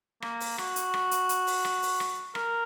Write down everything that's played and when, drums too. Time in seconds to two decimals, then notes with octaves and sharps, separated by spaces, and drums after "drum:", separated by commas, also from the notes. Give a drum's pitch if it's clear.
0.22 A#3, drum: rim click
0.40 drum: open hi-hat
0.58 F#4, drum: rim click
0.76 drum: hi-hat
0.94 drum: rim click
1.11 drum: hi-hat
1.29 drum: hi-hat
1.47 drum: open hi-hat
1.65 drum: rim click
1.82 drum: open hi-hat
2.00 drum: rim click
2.35 A#4, drum: rim click